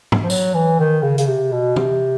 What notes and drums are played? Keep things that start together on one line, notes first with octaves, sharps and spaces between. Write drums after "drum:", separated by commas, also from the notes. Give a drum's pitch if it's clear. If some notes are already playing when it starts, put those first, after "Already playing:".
drum: tom
F3
F#3, drum: tambourine
E3
D#3
C#3
C#3, drum: hi-hat
C3
B2
C3, drum: tom